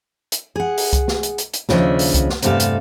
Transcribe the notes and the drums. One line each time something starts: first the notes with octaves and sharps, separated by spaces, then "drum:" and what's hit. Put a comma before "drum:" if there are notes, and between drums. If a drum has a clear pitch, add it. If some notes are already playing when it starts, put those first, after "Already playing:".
drum: hi-hat
G#4 F#5
drum: open hi-hat
drum: kick C2, hi-hat
drum: snare
drum: hi-hat
drum: hi-hat
drum: hi-hat
D#2 C#3 F3 D4 D#5 E5, drum: snare
drum: open hi-hat
drum: kick C2, hi-hat
drum: snare
E2 G2 C3 A3 A4 F5, drum: hi-hat
drum: hi-hat